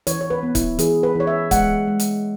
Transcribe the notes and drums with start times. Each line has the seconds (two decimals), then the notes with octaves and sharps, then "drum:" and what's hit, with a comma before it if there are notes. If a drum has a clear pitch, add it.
0.07 E3 C#5, drum: hi-hat
0.21 C#5
0.30 B4
0.43 B3
0.55 E4, drum: kick, hi-hat
0.79 E3 G#4, drum: hi-hat
1.03 B4
1.15 E3 C#5
1.27 E5
1.51 G#3 F#5, drum: kick, hi-hat
1.88 G#3
2.00 drum: hi-hat